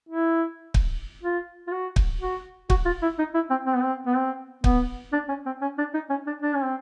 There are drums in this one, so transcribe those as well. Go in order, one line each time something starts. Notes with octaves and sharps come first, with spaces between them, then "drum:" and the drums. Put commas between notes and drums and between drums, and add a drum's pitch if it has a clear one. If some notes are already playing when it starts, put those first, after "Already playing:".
E4
drum: kick
F4
F4
F#4
drum: kick
F#4
F#4, drum: kick
F4
E4
D#4
E4
C4
C4
B3
C4
B3
C4
B3, drum: kick
D4
C#4
C4
C#4
D4
D#4
C#4
D4
D4
C#4
C4